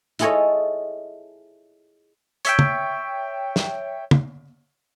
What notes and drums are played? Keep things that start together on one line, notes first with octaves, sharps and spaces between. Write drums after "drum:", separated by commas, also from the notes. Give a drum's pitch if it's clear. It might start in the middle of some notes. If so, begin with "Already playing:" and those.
E4 F4 G#4 A4 C#5 D#5, drum: hi-hat
C#5 E5 G5, drum: hi-hat
drum: tom
drum: snare
drum: tom